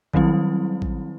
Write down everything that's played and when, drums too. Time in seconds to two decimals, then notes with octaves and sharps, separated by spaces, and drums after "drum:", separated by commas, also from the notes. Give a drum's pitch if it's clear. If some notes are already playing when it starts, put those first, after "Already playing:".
0.13 D#3 F#3 G3 C4 E4, drum: kick
0.82 drum: kick